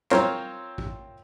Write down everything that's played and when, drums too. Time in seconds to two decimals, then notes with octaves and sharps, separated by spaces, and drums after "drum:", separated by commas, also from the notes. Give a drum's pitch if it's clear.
0.11 C4 F4 A#4 C5 C#5 A#5, drum: clap
0.78 drum: kick A1